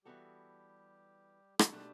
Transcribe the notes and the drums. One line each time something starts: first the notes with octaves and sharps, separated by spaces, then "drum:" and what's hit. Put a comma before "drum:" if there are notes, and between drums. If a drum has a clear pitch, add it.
E3 G3 B3 F#4 G4 A4
A4, drum: rim click
B2 G3 A3 D4 G4